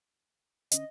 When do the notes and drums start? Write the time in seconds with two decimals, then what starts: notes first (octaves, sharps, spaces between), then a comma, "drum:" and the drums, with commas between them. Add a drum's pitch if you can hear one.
0.71 D3 C#4 D#5, drum: hi-hat